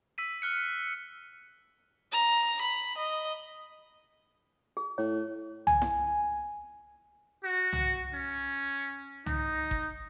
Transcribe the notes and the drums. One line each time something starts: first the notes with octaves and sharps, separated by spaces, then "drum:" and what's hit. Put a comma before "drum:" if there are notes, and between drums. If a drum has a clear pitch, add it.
E6 B6 D#7
F6 F#6 C#7
A#5
B5
D#5
G#4
A2 C#5
G#5, drum: tom C2
drum: snare E4
F#4
drum: tom C2
C#4
D#4, drum: tom C2
drum: kick G1